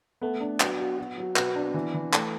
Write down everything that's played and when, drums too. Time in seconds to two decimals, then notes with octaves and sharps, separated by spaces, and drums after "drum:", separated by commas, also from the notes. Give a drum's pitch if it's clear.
0.21 A3 B3
0.41 D4
0.60 F#3 B3, drum: clap
0.80 F#4
0.98 F#4
1.18 F#3
1.36 B2 B3, drum: clap
1.55 D4
1.74 E3
1.94 E3
2.13 A3, drum: clap